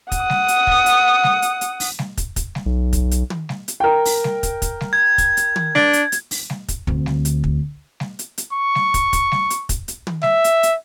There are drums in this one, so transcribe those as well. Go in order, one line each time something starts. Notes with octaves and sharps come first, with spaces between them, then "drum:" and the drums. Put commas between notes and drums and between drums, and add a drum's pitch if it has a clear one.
F#5 D#6, drum: kick, hi-hat
drum: snare G3
drum: hi-hat
drum: kick
drum: hi-hat
drum: snare G3
drum: hi-hat
drum: hi-hat
drum: open hi-hat
drum: snare G3
drum: kick, hi-hat
drum: kick, hi-hat
drum: snare G3
B1
drum: kick, hi-hat
drum: hi-hat
drum: tom
drum: snare G3
drum: hi-hat
A#4 G5
drum: open hi-hat
drum: snare G3
drum: kick, hi-hat
drum: kick, hi-hat
drum: snare G3
G#6
drum: kick, hi-hat
drum: hi-hat
drum: tom
D4, drum: snare G3
drum: hi-hat
drum: hi-hat
drum: open hi-hat
drum: snare G3
drum: kick, hi-hat
D2 C4, drum: kick
drum: snare G3
drum: hi-hat
drum: kick
drum: snare G3
drum: hi-hat
drum: hi-hat
C#6
drum: snare G3
drum: kick, hi-hat
drum: kick, hi-hat
drum: snare G3
drum: hi-hat
drum: kick, hi-hat
drum: hi-hat
drum: tom
E5, drum: snare G3
drum: hi-hat
drum: hi-hat